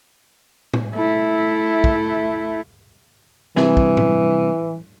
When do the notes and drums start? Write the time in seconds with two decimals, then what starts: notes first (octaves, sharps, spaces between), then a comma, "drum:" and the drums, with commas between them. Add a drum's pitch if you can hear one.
0.74 drum: tom A2
0.94 A3 E4
1.84 drum: kick
3.56 G2 C3 E3 G#4, drum: snare
3.77 drum: kick
3.97 drum: tom A2